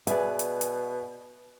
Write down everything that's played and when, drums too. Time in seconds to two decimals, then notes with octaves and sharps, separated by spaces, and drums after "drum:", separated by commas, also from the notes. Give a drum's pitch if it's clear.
0.07 B2 G#4 B4 D5 E5 G#5, drum: hi-hat
0.39 drum: hi-hat
0.61 drum: hi-hat